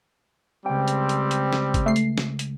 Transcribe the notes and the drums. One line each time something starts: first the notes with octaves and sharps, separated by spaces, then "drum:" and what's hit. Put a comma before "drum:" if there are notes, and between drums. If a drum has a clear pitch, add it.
C#2 G3 C4 G5
drum: hi-hat
drum: hi-hat
drum: hi-hat
drum: snare
drum: kick G1, hi-hat
A3 C7
drum: hi-hat
drum: snare
drum: hi-hat